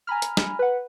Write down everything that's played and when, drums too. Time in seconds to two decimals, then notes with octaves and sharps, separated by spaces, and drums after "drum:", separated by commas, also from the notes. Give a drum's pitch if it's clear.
0.07 G#5 A#5 B5 F6
0.22 drum: hi-hat
0.37 drum: snare
0.59 B4 F#5